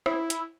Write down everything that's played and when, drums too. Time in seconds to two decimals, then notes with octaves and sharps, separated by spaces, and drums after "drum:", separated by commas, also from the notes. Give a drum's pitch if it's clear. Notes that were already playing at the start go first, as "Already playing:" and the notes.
0.06 E4, drum: rim click
0.30 drum: hi-hat